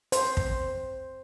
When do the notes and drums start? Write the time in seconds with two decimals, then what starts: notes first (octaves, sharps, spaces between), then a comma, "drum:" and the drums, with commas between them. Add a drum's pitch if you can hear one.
0.12 C5, drum: hi-hat
0.37 drum: kick